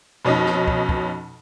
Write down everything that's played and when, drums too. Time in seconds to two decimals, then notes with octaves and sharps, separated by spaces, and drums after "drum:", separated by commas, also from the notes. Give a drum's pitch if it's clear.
0.25 F2 B2 C#4 D#4 D#5
0.46 drum: snare
0.68 drum: kick
0.89 drum: kick